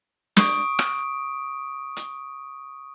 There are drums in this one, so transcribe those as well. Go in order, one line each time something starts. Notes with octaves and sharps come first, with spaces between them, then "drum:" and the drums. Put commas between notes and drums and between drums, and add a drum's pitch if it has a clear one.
C#6 D#6 D7, drum: snare
drum: rim click
drum: hi-hat